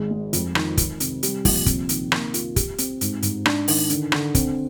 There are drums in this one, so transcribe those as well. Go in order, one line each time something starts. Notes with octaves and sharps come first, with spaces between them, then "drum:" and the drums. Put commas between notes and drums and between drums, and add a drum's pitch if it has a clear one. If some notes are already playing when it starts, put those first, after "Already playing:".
Already playing: G#1 G#3
G#3
F2, drum: hi-hat
D#3, drum: rim click
D#3, drum: kick, hi-hat
C3, drum: hi-hat
G3, drum: hi-hat
A#1, drum: kick, open hi-hat
C3, drum: kick, hi-hat
D#3, drum: hi-hat
A#3, drum: rim click
F4, drum: hi-hat
G4, drum: kick, hi-hat
C4, drum: hi-hat
G#2, drum: hi-hat
G#2, drum: hi-hat
D4, drum: rim click
D#3, drum: open hi-hat
D3, drum: hi-hat
D3, drum: rim click
C4, drum: kick, hi-hat